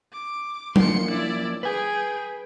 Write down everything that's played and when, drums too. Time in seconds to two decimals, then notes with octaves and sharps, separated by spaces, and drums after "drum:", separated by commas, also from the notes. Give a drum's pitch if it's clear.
0.13 D6
0.76 F3 A#3 C#4 C6 C#7, drum: tom F#3
1.10 E4 D5
1.63 G#4 B4 G5 G#5